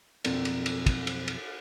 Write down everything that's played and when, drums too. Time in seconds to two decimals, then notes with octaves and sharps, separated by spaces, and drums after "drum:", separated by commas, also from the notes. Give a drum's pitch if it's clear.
0.25 B1 F2 C4 A4 A#4 D5, drum: cymbal
0.45 drum: cymbal
0.66 drum: cymbal
0.86 drum: kick, cymbal
1.07 drum: cymbal
1.28 drum: cymbal